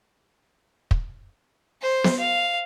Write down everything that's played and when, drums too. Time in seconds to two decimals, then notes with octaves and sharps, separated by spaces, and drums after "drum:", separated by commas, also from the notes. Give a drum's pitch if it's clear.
0.91 drum: kick
1.82 C5
2.04 drum: snare B3
2.19 F5